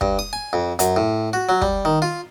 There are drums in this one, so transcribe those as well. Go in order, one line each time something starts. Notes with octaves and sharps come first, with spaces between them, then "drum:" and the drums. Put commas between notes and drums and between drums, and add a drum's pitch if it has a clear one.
G2, drum: kick
D#6
G#5
F2
F#2, drum: hi-hat
A2
F#4
F#3
G3, drum: kick
D#3
F4